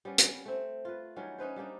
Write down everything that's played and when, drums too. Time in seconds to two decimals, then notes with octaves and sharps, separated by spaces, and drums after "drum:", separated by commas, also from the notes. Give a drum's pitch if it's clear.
0.05 G3 B3 C#4
0.18 drum: hi-hat
0.45 A3 C4
0.85 F4 B4
1.16 D#3 F#3 G3 C#4
1.38 C#4 D#4 B4 C5
1.56 G3 A#3 D4 D#4